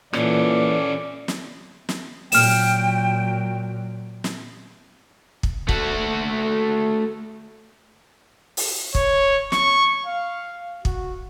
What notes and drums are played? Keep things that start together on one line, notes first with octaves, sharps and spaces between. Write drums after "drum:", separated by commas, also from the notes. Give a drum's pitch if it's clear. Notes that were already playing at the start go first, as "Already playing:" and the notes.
A#2 E3 C#4 A4 D5, drum: rim click
drum: snare
drum: snare
A#2 F#3 G5 F6 E7, drum: open hi-hat
drum: snare
drum: kick
A3 F#4, drum: kick
drum: open hi-hat
C#5, drum: kick
C#6, drum: snare
F5
F#4, drum: kick